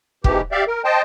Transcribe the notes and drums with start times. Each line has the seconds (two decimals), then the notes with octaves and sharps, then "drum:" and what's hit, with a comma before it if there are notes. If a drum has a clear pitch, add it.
0.24 G#2 B2 E3 G4, drum: kick
0.52 G4 D5 E5 F5
0.67 A#4
0.84 C5 D#5 G5 A5